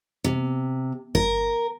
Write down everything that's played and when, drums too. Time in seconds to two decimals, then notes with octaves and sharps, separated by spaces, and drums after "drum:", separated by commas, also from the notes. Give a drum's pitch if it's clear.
0.24 C3
1.15 A#4, drum: kick G1